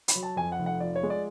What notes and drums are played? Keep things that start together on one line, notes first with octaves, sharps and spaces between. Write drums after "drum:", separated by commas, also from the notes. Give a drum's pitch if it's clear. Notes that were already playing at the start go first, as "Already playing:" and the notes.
B5, drum: hi-hat
F#3
A5
F2 G#5
F#5
F1
F#5
F3 D5
C#5
G#3
D5